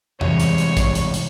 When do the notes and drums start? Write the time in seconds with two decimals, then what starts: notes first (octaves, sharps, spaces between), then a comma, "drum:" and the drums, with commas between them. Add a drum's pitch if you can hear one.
0.21 A2 C3 E3 G3 G#3 C#5, drum: tom E2
0.40 drum: hi-hat
0.58 drum: hi-hat
0.77 drum: kick, hi-hat
0.95 drum: hi-hat
1.14 drum: hi-hat